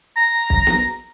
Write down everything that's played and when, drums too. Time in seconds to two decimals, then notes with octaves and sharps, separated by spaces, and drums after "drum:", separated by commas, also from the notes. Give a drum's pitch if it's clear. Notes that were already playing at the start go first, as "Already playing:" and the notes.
0.17 A#5
0.50 drum: kick B1
0.67 drum: snare